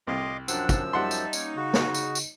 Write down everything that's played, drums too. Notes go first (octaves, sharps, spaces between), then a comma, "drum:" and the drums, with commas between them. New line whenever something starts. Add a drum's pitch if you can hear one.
C2 A2 D3 F4 D#5 C6 D6
F#2 F3 F#3 D4 C5 F#5 E6, drum: tambourine
drum: kick, tambourine
G3 D#4 E5 F#5 A5 C6
drum: tambourine
A#3 C#4 C#5, drum: tambourine
C#3 F#4
drum: snare
drum: tambourine
drum: tambourine